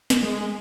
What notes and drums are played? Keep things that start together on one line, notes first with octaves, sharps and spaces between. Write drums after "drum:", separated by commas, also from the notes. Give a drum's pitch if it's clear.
drum: snare
G#3